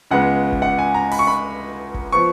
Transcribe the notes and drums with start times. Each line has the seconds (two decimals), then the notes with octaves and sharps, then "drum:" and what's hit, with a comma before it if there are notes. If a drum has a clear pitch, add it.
0.11 C#2 C#3 G#3 B3 F#5
0.52 drum: kick
0.62 F#5
0.79 G#5
0.94 A#5
1.11 B5, drum: open hi-hat
1.19 C#6
1.27 B5
1.94 drum: kick
2.12 F3 B3 C#6